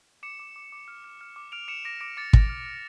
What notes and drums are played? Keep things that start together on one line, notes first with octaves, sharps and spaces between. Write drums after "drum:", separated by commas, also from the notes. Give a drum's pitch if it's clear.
D6 C#7 E7
D6
D6
D6
F6
F6
F6
D6
F6 D7 F7
D6 C#7 E7
D6 A#6 D7
D6 A#6 D7
D6 A6 C#7
F6 A#6, drum: kick
F6
F6